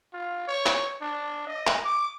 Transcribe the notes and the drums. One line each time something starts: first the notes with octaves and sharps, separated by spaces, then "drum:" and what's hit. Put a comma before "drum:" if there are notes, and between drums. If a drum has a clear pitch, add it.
F4
C#5
drum: clap
D4
D#5
drum: clap
D6